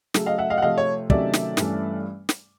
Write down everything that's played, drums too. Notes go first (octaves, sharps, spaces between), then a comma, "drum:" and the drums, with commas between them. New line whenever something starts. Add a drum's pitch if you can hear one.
C#3 F#3 A3, drum: snare
D#5 F5
E5 F#5
D#5 F5
F#5
C3 F3 A3 D#5 F5
C#5
C3 D#3 F#3 A3 C#4 D5 E5, drum: kick
drum: snare
G2 E3 A3 C#4, drum: snare
drum: snare